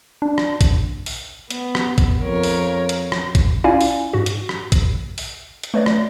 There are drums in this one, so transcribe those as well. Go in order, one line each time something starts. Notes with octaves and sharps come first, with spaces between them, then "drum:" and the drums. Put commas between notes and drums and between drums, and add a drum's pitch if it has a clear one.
D4
drum: rim click
drum: kick A1, hi-hat
drum: open hi-hat
B3, drum: hi-hat
drum: rim click
drum: kick A1, hi-hat
F2 A#4 C#5
drum: open hi-hat
drum: hi-hat
drum: rim click
drum: kick A1, hi-hat
C#4 E4 F4 D5 F5 G#5
drum: open hi-hat
G#2 F#4
drum: hi-hat
drum: rim click
drum: kick A1, hi-hat
drum: open hi-hat
drum: hi-hat
A3 B4 C#5 D5
drum: rim click